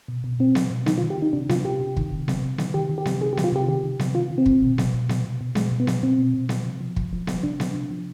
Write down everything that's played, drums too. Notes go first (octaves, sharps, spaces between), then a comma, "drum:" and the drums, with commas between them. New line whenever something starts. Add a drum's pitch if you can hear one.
B2
B2
B2 C4
B2, drum: snare B3
B2
D#3 D#4, drum: snare B3
F4
D#3
G4
D#3 D#4
C3 D4
C3 F4, drum: snare B3
C3 G4
C3
D#3, drum: kick
C3
C3, drum: snare B3
C3
D#3, drum: snare B3
D#3 G4
D#3
G4
C3, drum: snare B3
D#3 G#4
G4
D#3, drum: snare B3
F4
C3 G4
D#3 G4
D#3
C3, drum: snare B3
D#3 F4
D#3
C4
C3, drum: kick
B2
B2, drum: snare B3
B2
B2, drum: snare B3
B2
B2
B2 G#3, drum: snare B3
B2
B3
B2, drum: snare B3
B2 C4
B2
B2
F3, drum: snare B3
C3
F3
F3, drum: kick
F3
F3, drum: snare B3
C3 D4
C3, drum: snare B3
C3
F3